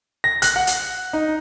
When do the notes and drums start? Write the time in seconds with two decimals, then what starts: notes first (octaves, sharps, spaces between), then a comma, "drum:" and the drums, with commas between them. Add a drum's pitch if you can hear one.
0.24 A#6
0.42 F#6, drum: hi-hat
0.56 F#5
0.67 drum: hi-hat
1.13 D#4